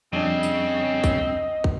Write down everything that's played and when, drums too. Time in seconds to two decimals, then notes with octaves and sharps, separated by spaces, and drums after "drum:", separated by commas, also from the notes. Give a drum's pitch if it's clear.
0.13 F2 C#3 G3 C4 D4 D#5
0.43 drum: tambourine
1.04 drum: kick, tambourine
1.64 drum: kick